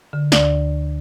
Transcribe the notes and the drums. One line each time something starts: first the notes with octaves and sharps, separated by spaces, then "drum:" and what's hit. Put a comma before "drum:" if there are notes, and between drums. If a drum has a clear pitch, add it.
D3
D2 D5, drum: snare